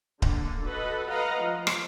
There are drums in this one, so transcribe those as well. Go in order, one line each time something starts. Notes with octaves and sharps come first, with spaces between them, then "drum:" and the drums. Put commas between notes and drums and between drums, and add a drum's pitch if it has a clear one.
D3 A#3, drum: kick D1
F#4 A4 B4 D#5
B4 D#5 F5 F#5 A#5
F3
drum: rim click